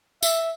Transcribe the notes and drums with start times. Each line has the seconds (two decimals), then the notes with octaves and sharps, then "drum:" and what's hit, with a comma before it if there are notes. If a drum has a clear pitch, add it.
0.23 E5, drum: tambourine